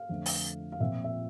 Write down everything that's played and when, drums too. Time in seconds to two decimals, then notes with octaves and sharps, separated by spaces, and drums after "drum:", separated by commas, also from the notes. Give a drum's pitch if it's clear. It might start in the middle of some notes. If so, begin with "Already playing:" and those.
Already playing: F5
0.09 F2 D3 A3
0.26 drum: open hi-hat
0.72 F5
0.80 A#2 F3 C4 E5
1.04 E5